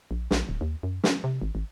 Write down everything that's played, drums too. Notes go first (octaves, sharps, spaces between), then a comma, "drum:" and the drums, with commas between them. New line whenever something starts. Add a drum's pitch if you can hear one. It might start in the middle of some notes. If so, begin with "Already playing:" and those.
A#1
A#1, drum: snare
D1
D#2
F#2
C#4, drum: snare
C3
G#1
G#1